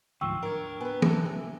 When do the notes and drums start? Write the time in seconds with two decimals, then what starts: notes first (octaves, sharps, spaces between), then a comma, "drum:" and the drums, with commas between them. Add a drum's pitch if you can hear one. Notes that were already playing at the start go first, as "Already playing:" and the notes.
0.21 D2 G#2 F3 G5 C#6 E6
0.42 D4 A#4 C#5
0.81 B3 B4 G#5
1.02 C3 E3 A4, drum: tom
1.25 C3